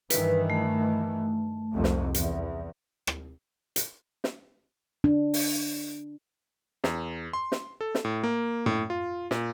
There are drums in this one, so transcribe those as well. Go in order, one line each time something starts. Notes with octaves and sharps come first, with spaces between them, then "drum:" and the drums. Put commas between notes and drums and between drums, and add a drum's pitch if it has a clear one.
G2 D#3 E3 B4, drum: hi-hat
A3
C2 F2 G#2
drum: snare
E2, drum: hi-hat
drum: rim click
drum: hi-hat
drum: snare
D4
drum: open hi-hat
E2, drum: snare
C6
drum: snare
A4
drum: snare
A2
A#3
A2, drum: tom
F4
A#2, drum: snare